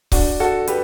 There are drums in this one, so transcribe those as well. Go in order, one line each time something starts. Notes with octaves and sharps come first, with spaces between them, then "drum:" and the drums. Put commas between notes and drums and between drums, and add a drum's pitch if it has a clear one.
D4 F#4, drum: kick C#1, open hi-hat
F#4 A4
G4 B4, drum: hi-hat